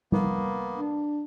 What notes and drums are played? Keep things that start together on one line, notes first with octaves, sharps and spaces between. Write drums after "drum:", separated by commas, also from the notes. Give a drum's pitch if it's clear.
A#3 B3, drum: tom G3
D4